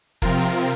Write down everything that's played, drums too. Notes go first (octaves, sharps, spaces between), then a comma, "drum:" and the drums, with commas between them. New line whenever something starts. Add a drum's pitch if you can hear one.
C3 F3 C4 F4 A#4, drum: kick
drum: hi-hat